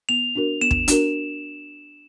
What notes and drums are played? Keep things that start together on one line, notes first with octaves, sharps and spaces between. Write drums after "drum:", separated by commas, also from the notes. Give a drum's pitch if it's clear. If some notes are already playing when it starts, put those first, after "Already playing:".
B3 F7
D4 F#4 A#4
B3 E7
drum: kick
D4 F#4 A#4, drum: hi-hat